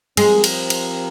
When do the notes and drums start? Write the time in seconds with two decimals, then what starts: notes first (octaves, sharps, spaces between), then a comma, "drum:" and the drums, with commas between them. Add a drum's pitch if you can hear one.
0.17 F3 G#3 C4 G4 A#4, drum: cymbal
0.44 drum: cymbal
0.70 drum: cymbal